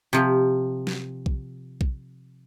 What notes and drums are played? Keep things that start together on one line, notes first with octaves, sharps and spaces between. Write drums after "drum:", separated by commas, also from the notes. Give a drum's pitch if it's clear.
C3 F3, drum: hi-hat
drum: snare
drum: kick A#1
drum: kick A#1